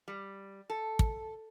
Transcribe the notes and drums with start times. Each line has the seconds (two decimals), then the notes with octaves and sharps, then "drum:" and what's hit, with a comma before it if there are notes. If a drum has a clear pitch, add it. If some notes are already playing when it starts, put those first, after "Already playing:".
0.08 G3
0.70 A4
0.99 drum: kick